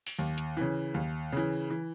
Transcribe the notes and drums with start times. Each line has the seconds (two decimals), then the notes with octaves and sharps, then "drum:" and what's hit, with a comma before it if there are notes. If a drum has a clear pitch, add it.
0.07 drum: open hi-hat
0.19 D#2
0.38 drum: hi-hat
0.57 C#3 E3
0.94 D#2
1.32 C#3 E3
1.70 E3